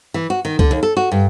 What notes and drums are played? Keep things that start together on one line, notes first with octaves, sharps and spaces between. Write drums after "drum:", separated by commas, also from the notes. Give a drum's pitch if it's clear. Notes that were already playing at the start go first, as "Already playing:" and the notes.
E3
F#4
D#3
D3, drum: kick C#2
D#2
A4
F#4
G2